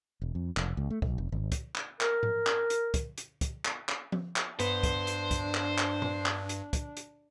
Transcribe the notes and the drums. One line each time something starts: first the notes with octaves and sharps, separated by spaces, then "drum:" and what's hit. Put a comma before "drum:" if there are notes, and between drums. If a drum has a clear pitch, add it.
E1
F2
F1, drum: clap
C#2
A3
B1, drum: kick
F1
G#1
drum: kick, hi-hat
drum: clap
A#4, drum: clap
drum: tom G#2
drum: clap
drum: hi-hat
drum: kick, hi-hat
drum: hi-hat
drum: kick, hi-hat
drum: clap
drum: clap
drum: tom F3
drum: clap
G2 B3 D4 C5, drum: hi-hat
drum: kick, hi-hat
drum: hi-hat
drum: kick, hi-hat
drum: clap
drum: clap
drum: tom
drum: clap
drum: hi-hat
drum: kick, hi-hat
drum: hi-hat